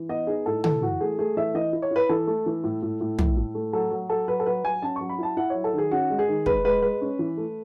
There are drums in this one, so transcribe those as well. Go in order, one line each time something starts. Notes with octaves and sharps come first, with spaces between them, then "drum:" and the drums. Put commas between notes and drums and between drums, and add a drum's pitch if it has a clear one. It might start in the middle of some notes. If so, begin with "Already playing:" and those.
Already playing: E3
B3 D#5
D#4 G#4
A2 A4
E3 A4, drum: tom
E3 F#4
A3 G#4
A3 G#4
E3 E5
E3 D#5
E4
C#5
E4 B4
E3 A4
A3
E3
A2
A2
A2
A2, drum: tom
A2
A3
F#3 A4
F#3
F#3 A4
F#3 B4
A4
F#3 B4
F#3 G#5
C#4 A5
F#3 C#6
B5
E4 A5
E4 F#5
F#3 C#5
A4
D#3 G#4
C#4 F#4
G#3
G#4
D#3
G#3 B4, drum: kick
G#3 B4
G#3 B4
C#4
E3
A3